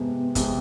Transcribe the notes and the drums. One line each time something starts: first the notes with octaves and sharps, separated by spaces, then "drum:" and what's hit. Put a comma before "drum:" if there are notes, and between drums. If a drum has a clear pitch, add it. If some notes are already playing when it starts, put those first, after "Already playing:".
Already playing: F2 C3 G#3 B3
F2 C3 G#3, drum: kick F#1, hi-hat